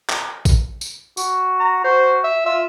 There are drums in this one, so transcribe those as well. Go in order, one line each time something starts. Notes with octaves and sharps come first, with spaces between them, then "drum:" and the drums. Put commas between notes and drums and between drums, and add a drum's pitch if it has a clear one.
drum: clap
drum: kick, tambourine
drum: tambourine
F#4, drum: tambourine
A#5
F#4 C5
E5
F4 E5